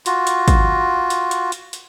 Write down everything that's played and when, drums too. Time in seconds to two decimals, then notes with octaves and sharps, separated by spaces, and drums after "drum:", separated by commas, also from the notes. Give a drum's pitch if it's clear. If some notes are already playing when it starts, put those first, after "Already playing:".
0.06 F4 F#4, drum: hi-hat
0.27 drum: hi-hat
0.48 drum: kick, hi-hat
1.10 drum: hi-hat
1.31 drum: hi-hat
1.52 drum: hi-hat
1.73 drum: hi-hat